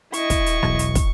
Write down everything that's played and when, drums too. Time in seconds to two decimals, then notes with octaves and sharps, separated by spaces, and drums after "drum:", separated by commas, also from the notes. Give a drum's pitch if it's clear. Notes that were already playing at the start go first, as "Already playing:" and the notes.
0.13 E4 D#5 C#6, drum: hi-hat
0.30 drum: kick, hi-hat
0.46 drum: hi-hat
0.63 E1 B1, drum: rim click
0.79 drum: hi-hat
0.95 drum: kick, hi-hat